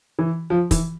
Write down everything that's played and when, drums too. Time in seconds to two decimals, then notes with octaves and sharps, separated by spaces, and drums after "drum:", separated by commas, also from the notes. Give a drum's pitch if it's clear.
0.19 E3
0.50 F3
0.71 E3, drum: kick, hi-hat